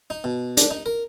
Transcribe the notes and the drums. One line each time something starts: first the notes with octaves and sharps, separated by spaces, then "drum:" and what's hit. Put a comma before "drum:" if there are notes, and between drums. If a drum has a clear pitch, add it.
D#4
B2
D4, drum: hi-hat
D#4
A#4